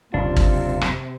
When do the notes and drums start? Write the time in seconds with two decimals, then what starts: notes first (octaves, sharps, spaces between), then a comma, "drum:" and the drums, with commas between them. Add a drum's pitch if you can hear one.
0.14 F#1 D#2 C3 D4 F4
0.36 drum: kick G#1
0.81 drum: rim click